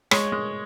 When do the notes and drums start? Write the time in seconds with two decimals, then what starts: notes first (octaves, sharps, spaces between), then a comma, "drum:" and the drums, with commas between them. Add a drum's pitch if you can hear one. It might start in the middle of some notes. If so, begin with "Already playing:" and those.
0.11 G#3 C#5, drum: rim click
0.32 G#3